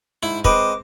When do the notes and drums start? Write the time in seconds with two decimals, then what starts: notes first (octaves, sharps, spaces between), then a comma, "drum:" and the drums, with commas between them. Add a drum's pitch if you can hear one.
0.23 G#2 E4
0.45 G#3 C4 B4 D#5 D6, drum: kick